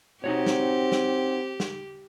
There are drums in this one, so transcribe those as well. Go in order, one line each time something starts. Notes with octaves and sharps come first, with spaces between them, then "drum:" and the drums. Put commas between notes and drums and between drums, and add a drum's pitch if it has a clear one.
C4 D#4 F#4 G4 C#5
drum: snare
drum: snare
drum: snare